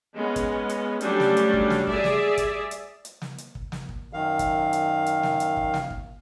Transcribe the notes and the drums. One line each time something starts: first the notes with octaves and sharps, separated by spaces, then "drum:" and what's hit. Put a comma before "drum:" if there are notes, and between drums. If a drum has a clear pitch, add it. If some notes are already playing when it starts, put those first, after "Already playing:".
G#3 B3 C#4
drum: kick, hi-hat
drum: hi-hat
F#3 G3 A3 C#4 D4, drum: hi-hat
drum: snare
drum: hi-hat
drum: kick
drum: snare
G#4 D5 E5, drum: kick
drum: snare
drum: kick, hi-hat
drum: hi-hat
drum: hi-hat
drum: snare
drum: hi-hat
drum: kick
drum: snare
drum: kick
F#2 D#3 F5
drum: kick, hi-hat
drum: hi-hat
drum: hi-hat
drum: snare
drum: hi-hat
drum: kick
drum: snare
drum: kick